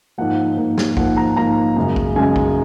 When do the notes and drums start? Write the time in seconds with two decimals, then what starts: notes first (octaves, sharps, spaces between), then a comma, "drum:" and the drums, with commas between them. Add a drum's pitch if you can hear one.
0.18 G#2 F3 A#3 F#5
0.57 G#2 F3 A#3
0.78 drum: snare
0.97 G#2 F3 A#3 F#5, drum: kick
1.17 A#5
1.36 G#2 F3 A#3 A#5
1.76 F#2 C#3 G#3
1.96 drum: kick
2.16 F#2 C#3 G#3 G#5
2.36 drum: kick